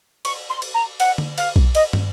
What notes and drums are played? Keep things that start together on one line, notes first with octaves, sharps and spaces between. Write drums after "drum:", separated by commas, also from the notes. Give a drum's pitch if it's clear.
C#6, drum: cymbal
C6
drum: cymbal
A#5
F#5, drum: cymbal
drum: tom D3
F5, drum: cymbal
drum: kick B1
D#5, drum: cymbal
drum: tom